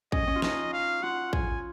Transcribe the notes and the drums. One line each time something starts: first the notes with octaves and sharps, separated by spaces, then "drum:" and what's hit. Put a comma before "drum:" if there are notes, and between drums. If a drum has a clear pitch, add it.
C#4 D#5, drum: kick
C#4
F4
D#4 D#5, drum: snare
F5
F4 F#5
G#5, drum: kick